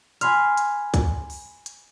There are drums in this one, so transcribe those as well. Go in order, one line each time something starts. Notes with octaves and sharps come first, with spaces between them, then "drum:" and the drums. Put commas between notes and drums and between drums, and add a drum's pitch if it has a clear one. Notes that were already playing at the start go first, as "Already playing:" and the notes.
G#5 B5 C6 F6, drum: hi-hat
drum: hi-hat
drum: kick C2, hi-hat
drum: open hi-hat
drum: hi-hat